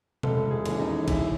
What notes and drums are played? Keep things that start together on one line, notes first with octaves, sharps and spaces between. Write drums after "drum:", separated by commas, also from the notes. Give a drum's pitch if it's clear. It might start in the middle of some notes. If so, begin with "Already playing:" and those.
E1 A4, drum: tom B2
G#4
D#2 C#3 E3, drum: cymbal
D#4
E2 E4, drum: kick, cymbal